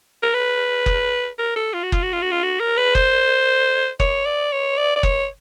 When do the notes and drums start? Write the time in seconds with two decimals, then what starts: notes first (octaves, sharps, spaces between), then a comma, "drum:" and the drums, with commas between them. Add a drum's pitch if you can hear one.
0.22 A#4
0.34 B4
0.86 drum: kick F#1
1.38 A#4
1.56 A4
1.73 F4
1.83 F#4
1.92 F4, drum: kick F#1
2.03 F#4
2.12 F4
2.22 F#4
2.31 F4
2.43 F#4
2.60 A#4
2.77 B4
2.95 C5, drum: kick F#1
4.00 C#5, drum: kick F#1
4.25 D5
4.52 C#5
4.77 D5
4.96 D5
5.03 C#5, drum: kick F#1